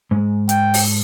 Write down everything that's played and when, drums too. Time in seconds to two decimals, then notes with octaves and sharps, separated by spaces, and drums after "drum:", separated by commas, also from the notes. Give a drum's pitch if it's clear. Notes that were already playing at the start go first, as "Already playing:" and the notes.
0.11 G#2 G#3
0.49 G5, drum: hi-hat
0.74 drum: open hi-hat